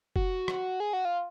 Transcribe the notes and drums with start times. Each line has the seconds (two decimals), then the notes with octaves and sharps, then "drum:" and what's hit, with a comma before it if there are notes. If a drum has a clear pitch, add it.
0.16 F#4, drum: kick F1
0.48 drum: rim click
0.80 G#4
0.93 F#4
1.05 F4